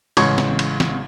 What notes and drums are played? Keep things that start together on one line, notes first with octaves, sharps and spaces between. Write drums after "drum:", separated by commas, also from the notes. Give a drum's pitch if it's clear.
A1 C#3 G#3 C6 C#6 G#6, drum: cymbal
drum: snare
drum: cymbal
drum: snare